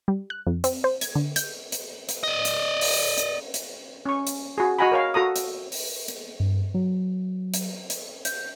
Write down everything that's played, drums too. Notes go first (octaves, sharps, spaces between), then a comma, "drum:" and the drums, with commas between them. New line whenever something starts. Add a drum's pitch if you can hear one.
G3
F#6
F2
C4, drum: hi-hat
C5
G#6, drum: hi-hat
D3
G6, drum: hi-hat
drum: hi-hat
drum: hi-hat
D5 D#5
drum: hi-hat
drum: open hi-hat
drum: hi-hat
drum: hi-hat
C#4 C#6
drum: hi-hat
F#4 G#4
F#4 D#5 F#5 G#5 A#5 B5
A#4 C#5 F5
F#4 A4 A#5 D#6
drum: hi-hat
drum: open hi-hat
drum: hi-hat
G2
F#3
drum: hi-hat
drum: hi-hat
G6, drum: hi-hat